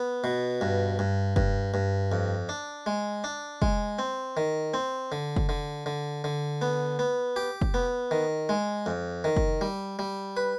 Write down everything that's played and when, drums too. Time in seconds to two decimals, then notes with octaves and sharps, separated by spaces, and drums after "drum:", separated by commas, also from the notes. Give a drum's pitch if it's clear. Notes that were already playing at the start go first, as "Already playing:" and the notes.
Already playing: B3
0.24 B2
0.61 G2
0.99 G2
1.36 G2, drum: kick
1.74 G2
2.12 F2
2.49 D4
2.86 G#3
3.24 D4
3.62 G#3, drum: kick
3.99 C4
4.37 D#3
4.74 C4
5.12 D3
5.36 drum: kick
5.49 D3
5.86 D3
6.24 D3
6.62 B3
6.99 B3
7.36 G4
7.61 drum: kick
7.74 B3
8.11 D#3
8.49 G#3
8.86 F2
9.24 D#3
9.36 drum: kick
9.61 G3
9.99 G3
10.37 B4